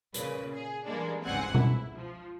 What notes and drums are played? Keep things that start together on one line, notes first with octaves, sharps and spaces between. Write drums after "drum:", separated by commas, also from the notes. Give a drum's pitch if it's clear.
A#2 C#3 B4, drum: hi-hat
G#4
E3 G3 G#3 A#3 D4
G1 C#2 G#2 C4 F#5 G#5
E4, drum: tom B2
F3